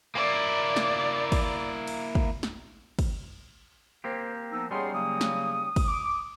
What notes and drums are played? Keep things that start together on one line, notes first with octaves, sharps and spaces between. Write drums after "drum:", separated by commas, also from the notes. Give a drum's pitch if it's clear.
A#3 E4 D5
drum: snare
drum: kick, cymbal
drum: cymbal
drum: kick
drum: snare
drum: kick, cymbal
A#3 C4 G4 C5
F3 B3 D#4 E6
G3 B3 C#4 D#4 G#4 C#5 C6
C#3 F#3 A#3 D#6
drum: snare
drum: kick, cymbal
D6